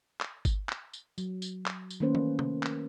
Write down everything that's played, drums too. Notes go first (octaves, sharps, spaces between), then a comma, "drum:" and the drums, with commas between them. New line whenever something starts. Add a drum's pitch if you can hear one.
drum: clap
drum: kick G1, tambourine
drum: clap
drum: tambourine
F#3, drum: tambourine
drum: tambourine
drum: clap
drum: tambourine
D#3 A3 A#3 C#4 B4 C5
drum: tom
drum: tom
drum: clap